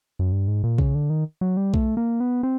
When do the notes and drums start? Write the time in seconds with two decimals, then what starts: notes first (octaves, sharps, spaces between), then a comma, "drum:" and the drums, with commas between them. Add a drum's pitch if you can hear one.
0.19 F#2
0.32 G2
0.48 G#2
0.64 A#2
0.78 C#3, drum: kick B1
0.95 D3
1.10 D#3
1.41 F#3
1.57 G3
1.74 A3, drum: kick B1
1.97 A#3
2.20 B3
2.43 C4